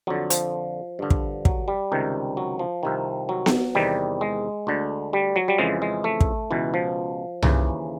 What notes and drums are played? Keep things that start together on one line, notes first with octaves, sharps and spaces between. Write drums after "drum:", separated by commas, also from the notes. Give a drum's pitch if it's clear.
F2 D3 F#3
F3, drum: hi-hat
G2 D3
drum: kick
F#3, drum: kick
G3
C#2 C3 D#3
F#3
F3
C2 C3 D#3
F#3
drum: snare B3
E2 C3 D#3 G3
G#3
D2 D3
G3
F#3
G3
F2 C#3 E3 G#3
G#3
A3
drum: kick
C#2 B2 E3
F3
D#2 C#3 E3, drum: tom C2